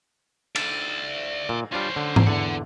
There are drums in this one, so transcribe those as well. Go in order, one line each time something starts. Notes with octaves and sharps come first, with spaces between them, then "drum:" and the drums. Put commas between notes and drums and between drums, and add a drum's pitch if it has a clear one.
D5 E5, drum: cymbal
A#2
G3 C#4 D4 F4 C5
D3
drum: tom G#2
E2 D3 A4 F#5